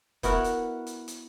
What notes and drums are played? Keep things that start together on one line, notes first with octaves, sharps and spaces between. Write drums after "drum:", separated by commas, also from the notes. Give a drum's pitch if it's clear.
B3 E4 F#4 A#4, drum: kick, hi-hat
drum: hi-hat
drum: hi-hat
drum: hi-hat